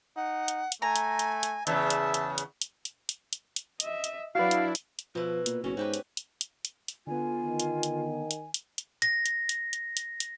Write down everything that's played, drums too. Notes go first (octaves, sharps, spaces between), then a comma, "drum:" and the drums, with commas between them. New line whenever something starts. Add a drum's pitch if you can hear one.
D#4 F#5
drum: hi-hat
drum: hi-hat
A3 G#5 A#5
drum: hi-hat
drum: hi-hat
drum: hi-hat
E2 C#3 E5 A5, drum: hi-hat
drum: hi-hat
drum: hi-hat
drum: hi-hat
drum: hi-hat
drum: hi-hat
drum: hi-hat
drum: hi-hat
drum: hi-hat
D#5 E5, drum: hi-hat
drum: hi-hat
F#3 D4 E4 F#4 B4 D5 F5
drum: hi-hat
drum: hi-hat
drum: hi-hat
B2 F3 E4 B4
A#2, drum: hi-hat
F#1 C#4 F#4
G#2 F#4 G4 B4 C5
drum: hi-hat
drum: hi-hat
drum: hi-hat
drum: hi-hat
drum: hi-hat
D3 B3 F4 G#5
D#3
drum: hi-hat
drum: hi-hat
drum: hi-hat
drum: hi-hat
drum: hi-hat
A#6, drum: hi-hat
drum: hi-hat
drum: hi-hat
drum: hi-hat
drum: hi-hat
drum: hi-hat